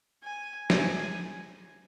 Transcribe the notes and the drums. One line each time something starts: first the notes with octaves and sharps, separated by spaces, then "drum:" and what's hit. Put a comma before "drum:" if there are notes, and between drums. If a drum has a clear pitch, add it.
G#5
G#5, drum: snare